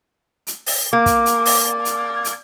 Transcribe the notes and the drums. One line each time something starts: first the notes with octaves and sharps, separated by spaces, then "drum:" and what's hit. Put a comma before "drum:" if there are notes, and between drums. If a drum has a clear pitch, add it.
drum: hi-hat
drum: open hi-hat
A#3 D6
drum: kick, hi-hat
drum: hi-hat
drum: open hi-hat
D5
drum: hi-hat
drum: hi-hat